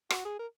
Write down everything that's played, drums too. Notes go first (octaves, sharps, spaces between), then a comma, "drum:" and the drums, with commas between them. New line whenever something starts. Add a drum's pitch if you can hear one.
F#4, drum: rim click
G#4
A#4